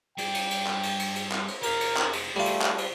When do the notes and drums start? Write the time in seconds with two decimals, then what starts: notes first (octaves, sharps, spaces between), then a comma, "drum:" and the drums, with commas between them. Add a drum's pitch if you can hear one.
0.18 G2 D5 G5, drum: cymbal
0.34 drum: cymbal
0.51 drum: cymbal
0.67 drum: clap
0.83 drum: cymbal
0.99 drum: cymbal
1.15 drum: cymbal
1.32 drum: clap
1.48 drum: cymbal
1.63 G4 A#4 F5, drum: cymbal
1.80 drum: cymbal
1.97 drum: clap
2.13 drum: cymbal
2.36 G3 A3 F4
2.45 drum: cymbal
2.62 drum: clap
2.78 drum: cymbal